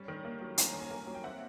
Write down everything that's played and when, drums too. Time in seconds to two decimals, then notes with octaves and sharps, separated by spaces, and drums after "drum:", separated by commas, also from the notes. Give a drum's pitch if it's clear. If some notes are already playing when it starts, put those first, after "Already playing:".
Already playing: G3 C#4
0.08 D#3
0.25 A#3
0.41 F#3
0.58 C#4 G#5 A#5, drum: hi-hat
0.74 D#3
0.80 G#5 A#5
0.91 A#3
1.07 F#3
1.15 G5
1.24 C4 E5 F#5